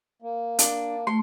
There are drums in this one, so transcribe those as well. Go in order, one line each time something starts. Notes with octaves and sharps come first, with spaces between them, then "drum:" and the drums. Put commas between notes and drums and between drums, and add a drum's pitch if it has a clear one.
A#3
D4, drum: hi-hat
A3 C6